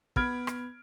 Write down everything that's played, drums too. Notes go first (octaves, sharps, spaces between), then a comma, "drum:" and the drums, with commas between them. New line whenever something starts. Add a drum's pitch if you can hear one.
B3 B5 F6 G#6 D7, drum: kick
drum: rim click